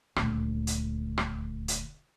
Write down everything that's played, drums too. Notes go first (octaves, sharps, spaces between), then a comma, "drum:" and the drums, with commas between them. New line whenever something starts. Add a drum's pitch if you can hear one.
D#1 D2, drum: rim click
drum: hi-hat
drum: rim click
drum: hi-hat